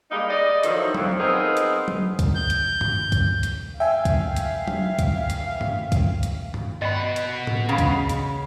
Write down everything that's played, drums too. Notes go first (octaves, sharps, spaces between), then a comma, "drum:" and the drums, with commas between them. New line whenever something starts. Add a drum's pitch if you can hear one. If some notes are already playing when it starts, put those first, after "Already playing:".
G3 G#3 A#3 D#4
D5 D#5
D#3 F3 F#3 E4 A4, drum: hi-hat
F2, drum: tom F#3
B3 C4 D#4 F4 G#4 A#4
drum: hi-hat
drum: tom F#3
drum: kick C2, hi-hat
G6
drum: hi-hat
drum: tom G2
drum: kick C2, hi-hat
drum: hi-hat
E5 F5 G5 G#5
drum: kick C2, hi-hat
drum: hi-hat
drum: tom F#3
drum: kick C2, hi-hat
drum: hi-hat
drum: tom G2
drum: kick C2, hi-hat
drum: hi-hat
drum: tom G2
B2 D#5 F#5 B5
drum: hi-hat
drum: tom A2
C#3 F5 B5
drum: kick C2, hi-hat
drum: hi-hat